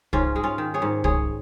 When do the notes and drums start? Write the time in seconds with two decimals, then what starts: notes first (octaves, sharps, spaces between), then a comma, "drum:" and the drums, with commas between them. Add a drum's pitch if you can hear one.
0.13 G#2 C#4 F4, drum: kick
0.36 G#3
0.43 C#4 F4
0.58 D#3
0.74 G#4 C#5
0.82 G#2
1.04 G#3 G#4 C#5, drum: kick